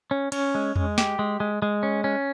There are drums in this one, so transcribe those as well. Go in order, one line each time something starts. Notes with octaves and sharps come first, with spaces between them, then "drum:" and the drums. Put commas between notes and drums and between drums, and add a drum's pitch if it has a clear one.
C#4
C#4, drum: cymbal
G#3
G#3, drum: tom E2
G4, drum: snare
G#3
G#3
G#3
C#4
C#4